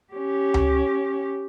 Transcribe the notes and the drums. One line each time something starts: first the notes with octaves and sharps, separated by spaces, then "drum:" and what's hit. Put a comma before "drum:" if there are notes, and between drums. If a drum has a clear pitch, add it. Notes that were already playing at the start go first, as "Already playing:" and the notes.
C#4 G4
drum: tom C#2